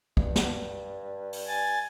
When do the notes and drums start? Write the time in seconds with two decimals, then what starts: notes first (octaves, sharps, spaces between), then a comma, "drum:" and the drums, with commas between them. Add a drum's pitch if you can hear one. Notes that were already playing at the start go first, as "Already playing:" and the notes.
0.17 G2, drum: kick
0.36 drum: snare
1.33 drum: open hi-hat
1.47 G#5 A6